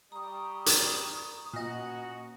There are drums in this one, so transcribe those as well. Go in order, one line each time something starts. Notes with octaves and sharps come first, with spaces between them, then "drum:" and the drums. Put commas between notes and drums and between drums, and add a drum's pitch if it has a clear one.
G3 A#5 C#6 D#6
drum: hi-hat
A#2 B3 C#4 F#4 D#5